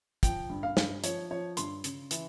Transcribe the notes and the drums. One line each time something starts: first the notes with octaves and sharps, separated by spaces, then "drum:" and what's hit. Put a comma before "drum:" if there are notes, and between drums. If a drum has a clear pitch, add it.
F3 G5, drum: kick, hi-hat
G2
F5
G2, drum: snare
F3 C#5, drum: hi-hat
F3 C#5
G2 C6, drum: hi-hat
C#3, drum: hi-hat
E3, drum: hi-hat